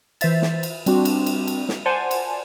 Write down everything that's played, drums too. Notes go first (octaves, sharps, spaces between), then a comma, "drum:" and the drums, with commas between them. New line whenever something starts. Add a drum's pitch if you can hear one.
E3 C5 E5 A6, drum: cymbal
drum: snare
drum: cymbal
G3 C4 D4 F#4, drum: cymbal
drum: cymbal
drum: cymbal
drum: cymbal
drum: snare
C5 D5 F#5 G#5 A5 C6
drum: cymbal